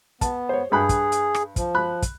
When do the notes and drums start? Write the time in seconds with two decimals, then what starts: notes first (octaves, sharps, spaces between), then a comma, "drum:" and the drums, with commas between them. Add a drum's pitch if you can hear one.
0.21 B3 A5, drum: kick, hi-hat
0.49 C5 C#5
0.72 G2 G#4 B5 F#6
0.89 drum: kick, hi-hat
1.12 drum: hi-hat
1.34 drum: rim click
1.56 F3, drum: kick, hi-hat
1.75 B5 F#6
2.02 drum: kick, hi-hat